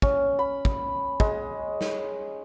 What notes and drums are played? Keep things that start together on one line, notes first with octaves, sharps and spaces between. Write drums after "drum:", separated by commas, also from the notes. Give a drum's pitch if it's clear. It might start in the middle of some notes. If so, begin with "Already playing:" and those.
C#4, drum: kick
B5
drum: kick
G#3, drum: kick
drum: snare